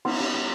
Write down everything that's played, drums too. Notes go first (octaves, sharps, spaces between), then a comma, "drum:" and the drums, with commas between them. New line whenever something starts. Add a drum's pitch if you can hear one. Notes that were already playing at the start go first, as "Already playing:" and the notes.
B3 C6, drum: cymbal
G3
G3